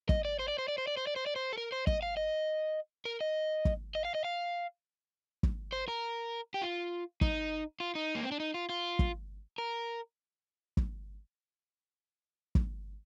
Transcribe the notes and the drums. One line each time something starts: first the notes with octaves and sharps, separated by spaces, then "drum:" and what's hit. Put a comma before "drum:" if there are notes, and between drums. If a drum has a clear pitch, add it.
D#5, drum: kick
D5
C5
D5
C5
D5
C5
D5
C5
D5
C5
D5
C5
A4
A#4
C5
D#5, drum: kick
F5
D#5
A#4
D#5
drum: kick
D#5
F5
D#5
F5
drum: kick
C5
A#4
G4
F4
D#4, drum: kick
F4
D#4
A#3
C4
D4
D#4
F4
F4
drum: kick
A#4
drum: kick
drum: kick